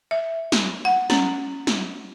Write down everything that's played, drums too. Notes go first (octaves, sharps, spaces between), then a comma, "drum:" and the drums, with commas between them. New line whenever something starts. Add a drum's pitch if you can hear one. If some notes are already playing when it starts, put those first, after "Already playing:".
E5
drum: snare
F#5
C#4, drum: snare
drum: snare